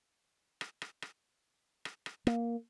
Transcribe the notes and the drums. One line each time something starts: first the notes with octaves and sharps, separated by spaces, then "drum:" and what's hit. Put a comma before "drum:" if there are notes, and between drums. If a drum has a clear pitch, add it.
drum: rim click
drum: rim click
drum: rim click
drum: rim click
drum: rim click
A#3, drum: rim click